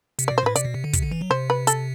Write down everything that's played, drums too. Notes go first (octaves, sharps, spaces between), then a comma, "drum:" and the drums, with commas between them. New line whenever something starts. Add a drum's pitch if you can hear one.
C3, drum: hi-hat
B2 D5
C5
A2 B4
C3 D5, drum: hi-hat
B2
C3
D3
C3, drum: kick, hi-hat
D3
E3
F#3
C3 C5
B4
A4, drum: hi-hat